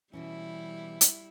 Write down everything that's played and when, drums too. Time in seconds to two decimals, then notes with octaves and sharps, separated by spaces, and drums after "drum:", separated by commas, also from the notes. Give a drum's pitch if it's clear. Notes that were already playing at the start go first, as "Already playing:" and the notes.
0.13 B2 E3 G3 C#4 E4
1.01 drum: hi-hat